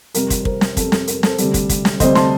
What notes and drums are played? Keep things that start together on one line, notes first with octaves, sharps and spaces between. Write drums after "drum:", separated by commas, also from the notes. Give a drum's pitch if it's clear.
F2 C3 G3 A#4, drum: hi-hat
drum: kick, hi-hat
C5
A#4, drum: kick
drum: snare
F2 C3 G3 A4, drum: kick, hi-hat
A4, drum: snare
A#4, drum: hi-hat
A4 C5, drum: snare
D2 C3 G3, drum: hi-hat
drum: kick, hi-hat
drum: kick, hi-hat
drum: snare
D2 C3 G3 C5 D#5, drum: kick, hi-hat
A5 C6, drum: snare